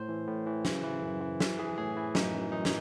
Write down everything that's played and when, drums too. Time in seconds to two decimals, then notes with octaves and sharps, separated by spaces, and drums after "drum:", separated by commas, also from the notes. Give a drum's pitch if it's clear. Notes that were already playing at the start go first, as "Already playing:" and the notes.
Already playing: A2 C5
0.09 E3
0.27 A2
0.47 E3
0.65 C#3, drum: snare
0.83 E3
1.02 F#2
1.21 E3
1.40 E3, drum: snare
1.59 E3 G#4
1.78 A2 G#4
1.96 E3 E4
2.15 F#2 D#4, drum: snare
2.34 F#2
2.52 F#2 D#4
2.65 drum: snare